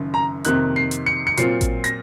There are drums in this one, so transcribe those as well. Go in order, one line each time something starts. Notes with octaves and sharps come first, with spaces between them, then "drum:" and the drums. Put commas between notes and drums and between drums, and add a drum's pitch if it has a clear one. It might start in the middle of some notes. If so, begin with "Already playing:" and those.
Already playing: F#1 F#2 D#3
A#5
F2 C3 D#3 A#3 D#4 F#6, drum: hi-hat
C7
drum: hi-hat
C#7
C#7
A#2 F#3 C4 F4 C7, drum: hi-hat
drum: kick A1, hi-hat
A#6, drum: hi-hat